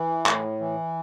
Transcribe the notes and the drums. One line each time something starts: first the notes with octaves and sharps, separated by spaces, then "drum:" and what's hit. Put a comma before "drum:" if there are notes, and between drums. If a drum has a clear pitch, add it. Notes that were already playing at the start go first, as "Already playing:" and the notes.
Already playing: E3
A2, drum: clap
E3